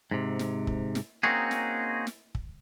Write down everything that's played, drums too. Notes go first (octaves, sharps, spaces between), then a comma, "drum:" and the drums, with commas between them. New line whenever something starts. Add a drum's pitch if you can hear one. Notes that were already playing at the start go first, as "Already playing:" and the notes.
G#2 C3
drum: snare
drum: kick
drum: snare
A#3 C4 C#4 D#4 F#4 G#4
drum: snare
drum: snare
drum: kick